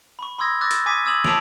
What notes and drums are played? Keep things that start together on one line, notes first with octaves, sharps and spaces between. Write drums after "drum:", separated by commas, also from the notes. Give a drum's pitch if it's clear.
B5 C#6
B5 C6 D#6 E6 G#6 A#6
D6 E6 F#6 A6 A#6
drum: hi-hat
G#5 D6 D#6 G#6 B6 D#7
D#6 E6 G#6 E7 F#7
A5 D6 E6 D7 F7 F#7, drum: snare